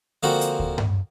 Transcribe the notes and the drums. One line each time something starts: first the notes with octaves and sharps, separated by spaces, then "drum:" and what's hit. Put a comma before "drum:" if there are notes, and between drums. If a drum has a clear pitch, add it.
D3 F3 A#3 C4 F#4
drum: hi-hat
drum: kick D2
drum: tom G2